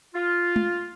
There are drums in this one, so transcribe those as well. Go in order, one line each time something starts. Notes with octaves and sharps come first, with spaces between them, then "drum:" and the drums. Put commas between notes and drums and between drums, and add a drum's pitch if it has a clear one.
F4
drum: tom G#3